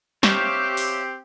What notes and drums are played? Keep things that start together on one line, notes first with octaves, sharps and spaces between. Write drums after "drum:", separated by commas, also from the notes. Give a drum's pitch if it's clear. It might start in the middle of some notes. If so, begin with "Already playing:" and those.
C4 G4 C#5 E5 F5, drum: snare
drum: open hi-hat